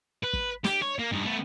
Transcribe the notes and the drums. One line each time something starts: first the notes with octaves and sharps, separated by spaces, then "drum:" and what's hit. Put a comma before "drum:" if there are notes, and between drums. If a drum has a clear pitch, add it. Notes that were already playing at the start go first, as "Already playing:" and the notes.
B4
drum: kick
G4, drum: snare
C#5
A#3
G2 D#4
A3 B3